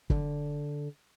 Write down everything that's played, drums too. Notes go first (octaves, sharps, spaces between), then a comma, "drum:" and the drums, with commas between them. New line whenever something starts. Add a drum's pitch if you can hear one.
D3, drum: kick